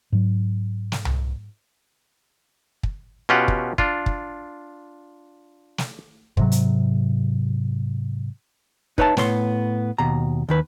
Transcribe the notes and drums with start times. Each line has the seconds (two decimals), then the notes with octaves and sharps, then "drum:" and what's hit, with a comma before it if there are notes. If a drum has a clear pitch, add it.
0.12 G#2 F#3
0.92 drum: snare
1.05 drum: tom C2
2.83 drum: kick
3.29 B2 C#4 F4 G4 F#5
3.48 drum: kick
3.78 D4 F4, drum: kick
4.06 drum: kick
5.78 drum: snare
6.37 G#2 C3 F#3, drum: kick
6.52 drum: hi-hat
8.98 D#4 B4 C#5 E5 A5, drum: kick
9.17 A2 B3 C#5 C6, drum: snare
9.98 D#2 B2 A#5
10.49 D#2 D#3 B4